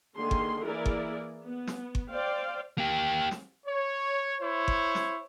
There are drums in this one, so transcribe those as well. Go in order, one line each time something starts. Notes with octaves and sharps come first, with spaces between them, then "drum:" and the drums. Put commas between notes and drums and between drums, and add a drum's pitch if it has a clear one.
D3 D#3 G#3 A#3 G#4 C6
drum: kick G1
E3 A#3 E4 G#4 A#4 D5
drum: kick G1
B3
drum: snare
drum: kick G1
C5 D5 F5 G5
A#3 G4
drum: snare
C#5
E4 C5 C#5
drum: kick G1
drum: snare